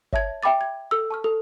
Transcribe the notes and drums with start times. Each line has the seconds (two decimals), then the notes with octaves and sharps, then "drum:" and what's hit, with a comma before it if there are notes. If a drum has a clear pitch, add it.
0.13 C#5 E5 A5 G#6, drum: kick G1
0.43 E5 G5 B5 D6 A6
0.61 G#6
0.91 A4 E6
1.10 A5 C#6 F6
1.24 A4